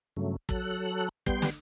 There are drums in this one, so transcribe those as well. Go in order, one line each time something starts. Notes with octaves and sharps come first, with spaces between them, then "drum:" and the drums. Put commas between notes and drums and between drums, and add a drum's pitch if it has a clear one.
G2 C#3 F#3 A3
F#3 A4 F#6, drum: kick
G3 B3 G5 C6, drum: kick
drum: snare